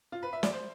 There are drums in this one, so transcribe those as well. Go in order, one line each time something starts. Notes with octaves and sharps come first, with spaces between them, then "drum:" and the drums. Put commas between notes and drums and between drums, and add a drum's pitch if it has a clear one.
F4
B4
E5
D5, drum: snare
C5